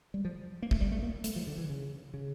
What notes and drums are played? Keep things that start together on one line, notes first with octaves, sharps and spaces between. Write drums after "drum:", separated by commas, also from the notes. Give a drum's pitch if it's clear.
G3
F3
A#3
A3, drum: kick
G3
A3
A#3
A3, drum: hi-hat
F3
D3
E3
C#3
C#3